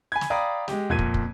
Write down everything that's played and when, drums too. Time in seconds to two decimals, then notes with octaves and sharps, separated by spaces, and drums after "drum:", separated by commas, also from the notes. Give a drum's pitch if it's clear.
0.12 G#5 B5 G#6
0.21 drum: snare
0.30 D5 F5 G5 A#5 B5 D#6
0.68 G#3 G4, drum: snare
0.90 F2 A#2 G#6 D#7
0.99 drum: kick
1.14 drum: kick